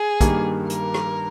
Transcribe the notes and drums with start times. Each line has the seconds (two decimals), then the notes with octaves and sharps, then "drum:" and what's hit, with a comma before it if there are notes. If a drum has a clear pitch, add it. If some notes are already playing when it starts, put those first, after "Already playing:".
Already playing: G#4
0.21 G2 D#3 G3 A#3, drum: kick, hi-hat
0.70 A#4, drum: hi-hat
0.94 drum: rim click